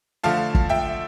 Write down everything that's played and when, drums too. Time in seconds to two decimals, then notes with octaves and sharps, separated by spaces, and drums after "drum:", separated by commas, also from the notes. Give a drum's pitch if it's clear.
0.24 D3 F3 A3 F5 A5
0.55 drum: kick G1
0.70 E5 G5